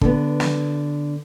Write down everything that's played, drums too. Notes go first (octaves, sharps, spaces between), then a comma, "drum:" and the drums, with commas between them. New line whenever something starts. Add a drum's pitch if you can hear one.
D3 B3, drum: kick
drum: snare